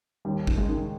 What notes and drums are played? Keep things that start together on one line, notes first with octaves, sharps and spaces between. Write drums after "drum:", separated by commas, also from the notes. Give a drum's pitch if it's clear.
D#2 G3
D#3, drum: kick
G#3
D#3